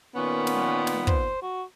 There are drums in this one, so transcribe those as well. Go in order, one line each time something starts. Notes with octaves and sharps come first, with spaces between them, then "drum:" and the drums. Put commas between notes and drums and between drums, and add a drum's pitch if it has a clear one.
A#2 D#3 B3 C#4
drum: snare
drum: snare
C5, drum: kick
F#4